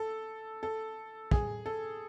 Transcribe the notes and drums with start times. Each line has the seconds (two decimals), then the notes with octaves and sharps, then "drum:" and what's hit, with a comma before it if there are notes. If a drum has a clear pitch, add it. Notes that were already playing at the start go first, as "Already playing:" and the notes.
Already playing: A4
0.63 A4
1.31 G#4, drum: kick
1.66 A4